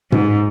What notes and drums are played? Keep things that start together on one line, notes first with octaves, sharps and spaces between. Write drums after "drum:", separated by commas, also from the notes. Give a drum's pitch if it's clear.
G#2, drum: tom